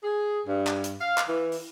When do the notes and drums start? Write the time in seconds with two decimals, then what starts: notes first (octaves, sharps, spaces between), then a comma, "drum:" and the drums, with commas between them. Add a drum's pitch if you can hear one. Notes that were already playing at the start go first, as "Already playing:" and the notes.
0.04 G#4
0.47 G2
0.67 drum: clap
0.84 drum: hi-hat
1.01 F5
1.18 drum: clap
1.29 E3
1.52 drum: open hi-hat